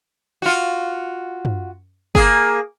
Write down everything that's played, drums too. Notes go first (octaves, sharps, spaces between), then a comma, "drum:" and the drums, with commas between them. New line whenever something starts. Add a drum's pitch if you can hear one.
F4 F#4
drum: tom
A#3 G#4, drum: kick G1